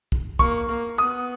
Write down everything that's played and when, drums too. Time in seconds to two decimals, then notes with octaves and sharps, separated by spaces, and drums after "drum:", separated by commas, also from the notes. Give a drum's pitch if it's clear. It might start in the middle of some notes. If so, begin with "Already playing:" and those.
0.12 drum: kick
0.39 A#3 C#6, drum: kick
0.68 A#3
0.98 B3 D#6